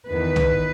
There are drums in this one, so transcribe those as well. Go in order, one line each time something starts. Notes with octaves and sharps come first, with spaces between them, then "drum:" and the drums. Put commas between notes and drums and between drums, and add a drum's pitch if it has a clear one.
E2 D#3 B4
drum: tom C2